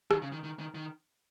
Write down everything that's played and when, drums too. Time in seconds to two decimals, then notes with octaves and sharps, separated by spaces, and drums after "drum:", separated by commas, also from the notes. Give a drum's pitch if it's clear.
0.11 D#3, drum: rim click
0.22 C#3
0.32 D#3
0.44 D#3
0.59 D#3
0.74 D#3